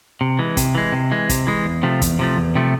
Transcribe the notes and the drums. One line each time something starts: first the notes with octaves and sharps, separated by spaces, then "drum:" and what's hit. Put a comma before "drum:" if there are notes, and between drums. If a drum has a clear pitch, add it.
C3
E3 G#3
C3, drum: kick G1, hi-hat
E3 G#3
C3
E3 G#3
C3, drum: kick G1, hi-hat
E3 G#3
E2
C3 F3 A3
E2, drum: kick G1, hi-hat
C3 F3 A3
E2
C3 F3 A3